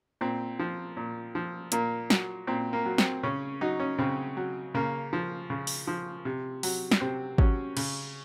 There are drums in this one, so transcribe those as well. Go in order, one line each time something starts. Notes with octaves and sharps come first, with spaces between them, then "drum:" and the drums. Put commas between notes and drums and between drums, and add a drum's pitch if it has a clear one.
A#2 C4
F3
A#2
F3
A#2 A#3, drum: hi-hat
F#3, drum: snare
A#2 C4
A#3
F#3
C4, drum: snare
C#3 C#4
F#3 D#4
C#4
C#3 C4
F#3
C#3 A#3
F3
C#3
drum: open hi-hat
F3
C3
F#3, drum: open hi-hat
drum: snare
C3 C4
F#3 C#4, drum: kick G#1
C#3, drum: cymbal